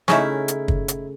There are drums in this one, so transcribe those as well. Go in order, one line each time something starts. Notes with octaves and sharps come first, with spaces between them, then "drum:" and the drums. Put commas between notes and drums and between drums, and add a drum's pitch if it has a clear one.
C#3 A3 C#4 D#4 E4, drum: snare
drum: hi-hat
drum: kick
drum: hi-hat